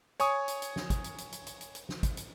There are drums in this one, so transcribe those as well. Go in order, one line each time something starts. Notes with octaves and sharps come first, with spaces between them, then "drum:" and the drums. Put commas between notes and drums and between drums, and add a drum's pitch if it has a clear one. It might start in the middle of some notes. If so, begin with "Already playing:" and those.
C#5 G#5 C#6 D#6, drum: hi-hat
drum: hi-hat
drum: hi-hat
drum: snare
drum: kick, hi-hat
drum: hi-hat
drum: hi-hat
drum: hi-hat
drum: hi-hat
drum: hi-hat
drum: hi-hat
drum: snare
drum: kick, hi-hat
drum: hi-hat